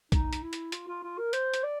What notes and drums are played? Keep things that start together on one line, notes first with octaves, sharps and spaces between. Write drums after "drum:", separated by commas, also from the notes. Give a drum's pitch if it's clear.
D#4, drum: kick B1, hi-hat
drum: hi-hat
E4
drum: hi-hat
F4, drum: hi-hat
F4
F4
A#4
C5, drum: hi-hat
drum: hi-hat
D5